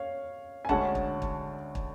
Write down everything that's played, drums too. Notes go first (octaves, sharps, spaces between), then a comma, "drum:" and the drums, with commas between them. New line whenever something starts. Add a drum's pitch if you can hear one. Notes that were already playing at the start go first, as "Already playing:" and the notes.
Already playing: C#5 F5
G#5
D2 D3 G#3 C#4 F#5 A5, drum: kick
drum: kick
drum: kick
drum: kick